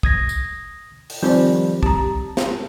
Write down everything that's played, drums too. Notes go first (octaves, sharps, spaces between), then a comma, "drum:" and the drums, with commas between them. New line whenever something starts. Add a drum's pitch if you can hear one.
D#6 G#6 A#6, drum: kick
drum: tambourine
drum: open hi-hat
D#3 F3 G3 C4 C5 D5
G4 A5 A#5, drum: kick
drum: snare